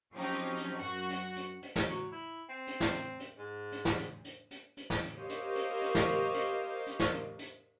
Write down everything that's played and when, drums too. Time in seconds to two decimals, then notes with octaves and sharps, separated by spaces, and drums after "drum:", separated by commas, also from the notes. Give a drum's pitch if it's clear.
0.14 F3 F#3 C4 C#4 D#4 G4
0.32 drum: hi-hat
0.58 drum: hi-hat
0.79 F#2 F#4 F#5
1.10 drum: hi-hat
1.36 drum: hi-hat
1.63 drum: hi-hat
1.76 drum: snare
1.89 F#3, drum: hi-hat
2.12 E4
2.49 C4
2.67 drum: hi-hat
2.80 drum: snare
2.94 drum: hi-hat
3.20 drum: hi-hat
3.38 G#2
3.72 drum: hi-hat
3.85 drum: snare
3.98 drum: hi-hat
4.24 drum: hi-hat
4.51 drum: hi-hat
4.77 drum: hi-hat
4.90 drum: snare
5.03 drum: hi-hat
5.18 G4 A#4 C5 C#5 D#5 F5
5.29 drum: hi-hat
5.55 drum: hi-hat
5.82 drum: hi-hat
5.95 drum: snare
6.08 drum: hi-hat
6.34 drum: hi-hat
6.86 drum: hi-hat
7.00 drum: snare
7.13 drum: hi-hat
7.39 drum: hi-hat